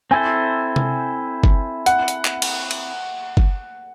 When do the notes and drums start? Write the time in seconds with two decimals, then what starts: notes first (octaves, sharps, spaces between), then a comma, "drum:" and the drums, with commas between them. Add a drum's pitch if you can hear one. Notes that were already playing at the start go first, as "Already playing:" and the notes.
0.11 C4 E4 A4 C5 G#5
0.76 drum: tom C3
1.44 drum: kick G1
1.86 F#5, drum: hi-hat
2.08 drum: hi-hat
2.25 drum: clap
2.42 drum: cymbal
2.71 drum: cymbal
3.37 drum: kick G1